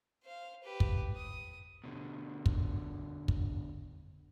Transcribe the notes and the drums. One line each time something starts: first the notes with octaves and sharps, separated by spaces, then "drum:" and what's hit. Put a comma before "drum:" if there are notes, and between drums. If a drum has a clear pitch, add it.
C5 F5
G4 B4
drum: kick
D#6
B2 D3
drum: kick
drum: kick